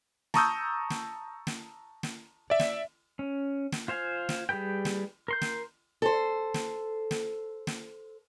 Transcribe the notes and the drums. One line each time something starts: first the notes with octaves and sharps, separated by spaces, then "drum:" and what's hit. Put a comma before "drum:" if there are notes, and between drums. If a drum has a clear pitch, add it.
A5 A#5 C#6 D#6 E6 G6, drum: snare
drum: snare
drum: snare
drum: snare
D5 E5
drum: snare
C#4
drum: snare
F4 C5 F5 G#5
drum: snare
G3 G4 G#4 B4 G5
drum: snare
A#4 C6 G6
drum: snare
A4 C5
drum: snare
drum: snare
drum: snare